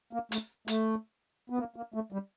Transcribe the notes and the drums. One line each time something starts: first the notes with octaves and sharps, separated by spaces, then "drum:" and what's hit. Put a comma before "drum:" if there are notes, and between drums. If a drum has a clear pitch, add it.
A#3
A3, drum: hi-hat
A3, drum: hi-hat
B3
A#3
A#3
A3
G3